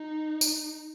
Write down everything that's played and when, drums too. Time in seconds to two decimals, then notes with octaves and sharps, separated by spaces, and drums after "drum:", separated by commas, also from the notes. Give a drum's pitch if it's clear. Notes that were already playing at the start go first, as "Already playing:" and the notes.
Already playing: D#4
0.41 drum: tambourine